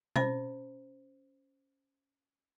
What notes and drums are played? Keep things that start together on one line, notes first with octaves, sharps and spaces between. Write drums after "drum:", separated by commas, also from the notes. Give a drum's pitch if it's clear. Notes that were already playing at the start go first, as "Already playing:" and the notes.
C#4 C5 B5, drum: tom B2